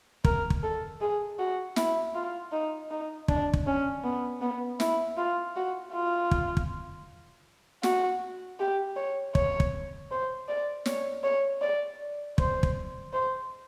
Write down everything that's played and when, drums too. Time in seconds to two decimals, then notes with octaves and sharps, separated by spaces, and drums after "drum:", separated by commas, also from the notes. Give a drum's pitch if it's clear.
0.25 A#4, drum: kick
0.50 drum: kick
0.62 A4
1.01 G#4
1.39 F#4
1.76 E4, drum: snare
2.15 F4
2.52 D#4
2.91 D#4
3.28 D4, drum: kick
3.54 drum: kick
3.67 C#4
4.04 B3
4.41 B3
4.80 E4, drum: snare
5.17 F4
5.56 F#4
5.93 F4
6.31 drum: kick
6.57 drum: kick
7.83 F#4, drum: snare
8.59 G4
8.96 C#5
9.35 C#5, drum: kick
9.60 drum: kick
10.11 C5
10.49 D5
10.86 C#5, drum: snare
11.23 C#5
11.61 D5
12.38 C5, drum: kick
12.63 drum: kick
13.13 C5